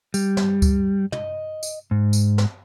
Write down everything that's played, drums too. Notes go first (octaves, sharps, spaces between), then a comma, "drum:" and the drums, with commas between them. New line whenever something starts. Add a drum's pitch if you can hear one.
G3, drum: tambourine
drum: snare
drum: kick C#2, tambourine
D#5, drum: tom
drum: tambourine
G#2
drum: tambourine
drum: snare